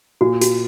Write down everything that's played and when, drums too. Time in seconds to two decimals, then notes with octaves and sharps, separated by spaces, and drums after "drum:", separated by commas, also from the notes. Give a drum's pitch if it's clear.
0.21 A#2 F#4
0.41 F#4, drum: hi-hat